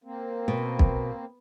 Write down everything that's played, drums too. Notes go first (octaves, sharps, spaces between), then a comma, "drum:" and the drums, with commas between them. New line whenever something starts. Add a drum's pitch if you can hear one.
A#3 C4
B2
drum: kick